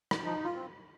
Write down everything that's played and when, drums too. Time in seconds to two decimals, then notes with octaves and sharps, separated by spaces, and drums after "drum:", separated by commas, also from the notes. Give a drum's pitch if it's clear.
0.11 drum: rim click
0.24 F3 D#4
0.44 F4
0.55 C4